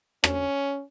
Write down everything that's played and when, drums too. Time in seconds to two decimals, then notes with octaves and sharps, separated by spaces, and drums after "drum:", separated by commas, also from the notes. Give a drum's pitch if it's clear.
0.24 C#4, drum: rim click